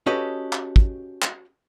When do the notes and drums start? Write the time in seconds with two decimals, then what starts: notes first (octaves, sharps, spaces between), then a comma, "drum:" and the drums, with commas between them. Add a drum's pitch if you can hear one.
0.06 C#4 F#4 G4 A4 B4 D#5
0.53 drum: clap
0.76 drum: kick
1.22 drum: clap